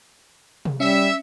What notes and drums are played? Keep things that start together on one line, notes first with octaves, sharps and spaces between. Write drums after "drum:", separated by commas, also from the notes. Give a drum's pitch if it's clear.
drum: tom C3
G3 C#4 E5